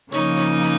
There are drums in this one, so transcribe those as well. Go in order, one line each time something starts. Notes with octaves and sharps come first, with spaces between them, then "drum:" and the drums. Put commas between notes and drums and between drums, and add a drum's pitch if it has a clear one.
C#3 F3 A#3 D#4 C#5, drum: hi-hat
drum: hi-hat
drum: hi-hat